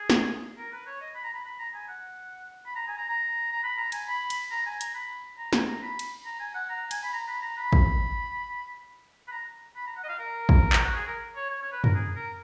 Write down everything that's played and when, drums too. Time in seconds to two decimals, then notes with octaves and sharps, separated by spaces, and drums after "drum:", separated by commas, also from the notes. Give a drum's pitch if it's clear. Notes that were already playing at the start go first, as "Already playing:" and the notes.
Already playing: G#4
0.10 drum: snare
0.58 A#4
0.72 B4
0.87 C#5
1.01 D#5
1.14 B5
1.23 A#5
1.34 B5
1.45 B5
1.59 A#5
1.74 G#5
1.88 F#5
2.66 B5
2.76 A#5
2.88 G#5
2.98 A#5
3.09 A#5
3.52 A#5
3.63 B5
3.78 A#5
3.92 G#5, drum: cymbal
4.08 B5
4.30 drum: cymbal
4.51 A#5
4.66 G#5
4.81 A#5, drum: hi-hat
4.94 B5
5.38 A#5
5.53 G#5, drum: snare
5.68 A#5
5.82 B5
5.99 drum: cymbal
6.25 A#5
6.40 G#5
6.54 F#5
6.69 A#5
6.91 G#5, drum: cymbal
7.04 B5
7.13 A#5
7.28 B5
7.42 A#5
7.57 B5
7.73 drum: kick
9.28 B5
9.31 A#5
9.76 B5
9.87 A#5
9.97 F#5
10.04 D#5
10.09 F5
10.19 A#4
10.49 drum: kick
10.73 drum: clap
10.83 F#4
10.95 G#4
11.07 A#4
11.36 C#5
11.50 C#5
11.62 C#5
11.72 B4
11.84 A#4, drum: tom
11.94 G#4
12.16 A#4